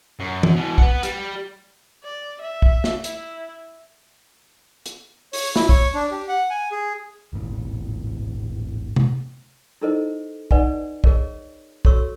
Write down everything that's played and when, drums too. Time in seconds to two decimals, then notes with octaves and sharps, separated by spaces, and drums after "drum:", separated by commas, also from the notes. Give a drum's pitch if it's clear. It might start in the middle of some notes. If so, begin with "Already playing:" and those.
0.20 F#2
0.43 drum: tom
0.55 B2 E3
0.78 B4 F#5, drum: kick
1.03 G3, drum: hi-hat
2.03 D5
2.41 E5
2.62 drum: kick
2.84 drum: snare
3.04 E4, drum: hi-hat
4.86 drum: hi-hat
5.33 C#5, drum: open hi-hat
5.56 E4, drum: snare
5.69 C#5, drum: kick
5.94 D4
6.11 G4
6.28 F#5
6.50 G#5
6.72 G#4
7.33 D#1 G#1 A2
8.96 drum: tom C3
9.82 D#4 E4 A4 A#4 C5 D#5
10.51 D#4 B4 D5 D#5 F#5 G#5, drum: kick
11.04 G#4 A#4 C#5 D#5, drum: kick
11.85 F#4 A4 C#5 C#6 E6, drum: kick